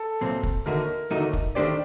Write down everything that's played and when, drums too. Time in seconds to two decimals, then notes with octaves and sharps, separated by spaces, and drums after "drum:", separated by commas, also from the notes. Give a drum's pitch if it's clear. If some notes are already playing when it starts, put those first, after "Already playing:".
Already playing: A4
0.21 C2 A#2 F#3 C4
0.43 drum: kick
0.66 D#2 D3 A3 D#4 F#4 A#4
1.11 D#2 D3 A3 D#4 F#4
1.33 drum: kick
1.55 D#3 A3 D4 G4 C5 D5